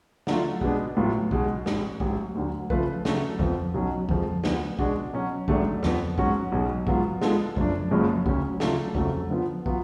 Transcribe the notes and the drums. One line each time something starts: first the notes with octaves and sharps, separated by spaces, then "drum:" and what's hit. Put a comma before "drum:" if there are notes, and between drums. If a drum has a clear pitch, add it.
D3 F#3 A3 F4, drum: snare
B2 G#3 B3 D4, drum: kick
A1 A2 F#3 B3 F4
B1 B2 G#3, drum: kick
A1 G#2 G#3, drum: snare
A1 G#2 F#3, drum: kick
D2 D3 F#3
C#3 F3 A3 F4 B4, drum: kick
C#3 F#3 A3, drum: snare
F2 F3 B3, drum: kick
B1 B2 F#3 C#4
F2 F3 G#3, drum: kick
D2 D3 F3 B3, drum: snare
B2 G#3 D4 F#4, drum: kick
B2 F#3 C#4
G#1 G#2 F#3 A3 D4, drum: kick
F2 F3 B3, drum: snare
G#2 F#3 C#4 F#4, drum: kick
B1 B2 G#3
G#2 F#3 B3 F4, drum: kick
G#2 G#3 B3 F4 A4, drum: snare
F#2 F3 A3 D4, drum: kick
F#1 F#2 F3 G#3 C#4
D2 C#3 F#3 C#4, drum: kick
C#3 F#3 A3 F4 A4, drum: snare
F2 C#3 F#3 A3, drum: kick
D3 F3 B3 F4
F#3 B3 F4, drum: kick